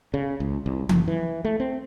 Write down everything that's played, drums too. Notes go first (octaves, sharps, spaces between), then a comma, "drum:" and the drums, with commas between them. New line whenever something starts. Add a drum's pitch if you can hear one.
C#3
C#2
C2
F#1, drum: tom E3
E3
A3
C4